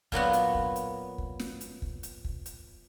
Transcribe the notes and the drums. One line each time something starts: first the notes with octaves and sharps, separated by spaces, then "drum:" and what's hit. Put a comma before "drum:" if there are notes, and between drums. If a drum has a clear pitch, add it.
A#2 F#3 B3 F#4, drum: kick
drum: hi-hat
drum: kick
drum: hi-hat
drum: kick
drum: snare
drum: hi-hat
drum: kick
drum: hi-hat
drum: kick
drum: hi-hat